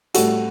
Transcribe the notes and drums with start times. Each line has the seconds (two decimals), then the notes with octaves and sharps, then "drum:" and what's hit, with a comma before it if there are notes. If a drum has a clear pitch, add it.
0.14 A2 G3 F#4 A4, drum: hi-hat